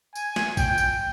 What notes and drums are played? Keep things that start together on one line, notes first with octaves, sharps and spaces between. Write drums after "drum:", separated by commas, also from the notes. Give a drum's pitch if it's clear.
G#5, drum: tambourine
drum: snare
G5, drum: kick A1, tambourine
drum: tambourine